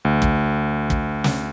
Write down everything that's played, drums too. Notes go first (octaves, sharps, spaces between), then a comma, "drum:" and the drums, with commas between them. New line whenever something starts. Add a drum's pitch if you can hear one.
D2
drum: kick
drum: kick
drum: snare